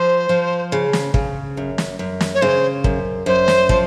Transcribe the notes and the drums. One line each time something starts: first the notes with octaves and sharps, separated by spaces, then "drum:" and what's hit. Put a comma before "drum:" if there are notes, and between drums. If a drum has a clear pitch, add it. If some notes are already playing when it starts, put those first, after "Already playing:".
Already playing: F3 C5
F3
C#3
drum: snare
C#3, drum: kick
F#2
drum: snare
F#2
drum: snare
C#5
C#3 C5
F#2, drum: kick
F#2 C5
drum: snare
F3, drum: kick